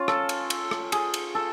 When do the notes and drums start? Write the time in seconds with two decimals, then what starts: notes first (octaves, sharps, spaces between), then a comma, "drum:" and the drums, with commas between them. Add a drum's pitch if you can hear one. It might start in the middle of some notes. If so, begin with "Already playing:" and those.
Already playing: C#4 F4
0.08 A4, drum: rim click
0.29 drum: cymbal
0.50 drum: cymbal
0.71 drum: rim click
0.92 G#4, drum: cymbal
1.14 drum: cymbal
1.35 A4